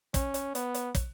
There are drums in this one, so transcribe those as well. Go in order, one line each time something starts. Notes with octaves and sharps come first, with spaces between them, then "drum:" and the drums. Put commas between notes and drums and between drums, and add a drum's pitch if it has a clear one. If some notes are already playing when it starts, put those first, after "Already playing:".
C#4, drum: kick, hi-hat
drum: hi-hat
B3, drum: hi-hat
drum: hi-hat
drum: kick, hi-hat